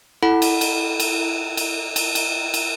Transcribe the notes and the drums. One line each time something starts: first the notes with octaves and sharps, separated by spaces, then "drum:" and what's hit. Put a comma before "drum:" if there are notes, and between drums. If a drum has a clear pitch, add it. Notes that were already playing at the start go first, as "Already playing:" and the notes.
E4 A4 F#5 B5
drum: cymbal
drum: cymbal
drum: cymbal
drum: cymbal
drum: cymbal
drum: cymbal
drum: cymbal